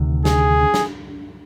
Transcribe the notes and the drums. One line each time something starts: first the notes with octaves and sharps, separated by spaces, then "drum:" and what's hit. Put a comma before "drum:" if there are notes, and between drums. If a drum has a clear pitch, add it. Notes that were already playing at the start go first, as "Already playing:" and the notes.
Already playing: D2 C3 D#3
G#4, drum: snare
drum: snare